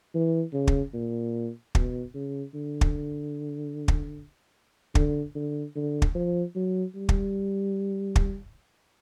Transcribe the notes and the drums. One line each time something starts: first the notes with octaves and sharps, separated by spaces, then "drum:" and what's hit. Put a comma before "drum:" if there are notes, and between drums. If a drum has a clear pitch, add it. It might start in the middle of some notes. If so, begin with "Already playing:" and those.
E3
C#3
drum: kick
A#2
B2, drum: kick
C#3
D3
drum: kick
drum: kick
D3, drum: kick
D3
D3
drum: kick
F3
F#3
G3
drum: kick
drum: kick